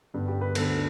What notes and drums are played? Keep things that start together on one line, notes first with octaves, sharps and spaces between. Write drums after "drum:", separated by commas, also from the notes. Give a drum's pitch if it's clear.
G2 D3 B3
G4
B4
D2 D3 G3 B3 A4, drum: cymbal